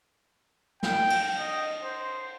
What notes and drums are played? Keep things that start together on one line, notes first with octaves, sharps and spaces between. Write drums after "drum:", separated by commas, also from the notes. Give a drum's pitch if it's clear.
G5, drum: snare
drum: cymbal
D#5
C5